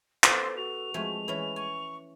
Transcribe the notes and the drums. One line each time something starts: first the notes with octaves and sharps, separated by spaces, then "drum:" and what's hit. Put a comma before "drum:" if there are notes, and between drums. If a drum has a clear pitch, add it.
B3 A4 C5 C6, drum: clap
F#4 F7
F2 G#3 A3 G#5
E3 C#4 B5
G#5 C#6